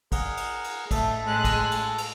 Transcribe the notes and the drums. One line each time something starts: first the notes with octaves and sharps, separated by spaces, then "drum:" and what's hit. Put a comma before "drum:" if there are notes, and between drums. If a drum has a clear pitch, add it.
G#4 A#4 F#5, drum: kick A1, cymbal
drum: cymbal
drum: cymbal
A2 A3 A4, drum: kick A1, cymbal
A2 G#3 F#6
drum: kick A1, cymbal
drum: cymbal
drum: cymbal